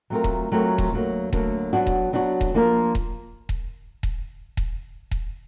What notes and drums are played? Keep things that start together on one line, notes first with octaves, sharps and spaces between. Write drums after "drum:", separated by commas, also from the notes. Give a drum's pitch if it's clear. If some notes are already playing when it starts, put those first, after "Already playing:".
F#3 A3 C4 F4 A#4
drum: kick D#1
F#3 A3 C4 F4 A#4
drum: kick D#1
D2 D3 F#3 A#3
D2 D3 F#3 A#3, drum: kick D#1
F#3 B3 D4 F#4
drum: kick D#1
F#3 B3 D4 F#4
drum: kick D#1
F3 A#3 D4 F4 A#4
drum: kick D#1
drum: kick D#1
drum: kick D#1
drum: kick D#1
drum: kick D#1